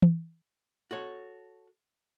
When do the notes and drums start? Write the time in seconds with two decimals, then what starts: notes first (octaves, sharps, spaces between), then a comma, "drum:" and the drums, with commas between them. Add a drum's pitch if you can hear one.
0.02 drum: tom E3
0.91 F#4 A4 C#5